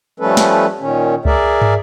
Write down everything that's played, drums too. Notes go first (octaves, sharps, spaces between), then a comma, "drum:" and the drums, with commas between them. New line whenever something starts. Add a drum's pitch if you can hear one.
F3 G3 A3 C#4 A4 B4
drum: snare
A#2 D#3 C#4
G#4 A#4 D5 E5, drum: kick C#2
drum: tom